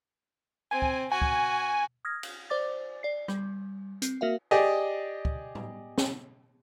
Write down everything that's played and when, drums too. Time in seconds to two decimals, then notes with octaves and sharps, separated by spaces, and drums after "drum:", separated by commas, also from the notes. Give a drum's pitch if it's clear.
0.71 C4 G#5
0.82 drum: kick
1.12 F#4 G#5
1.22 drum: kick
2.05 D#6 F6 G#6 A#6
2.23 drum: cymbal
2.50 C5 D5 D6 A6
3.03 D5 C7
3.28 G3, drum: rim click
4.02 C4, drum: hi-hat
4.21 A#3 F#4 A#4 E5 F5
4.51 G4 G#4 D5 D#5
5.25 drum: kick
5.55 drum: tom
5.98 drum: snare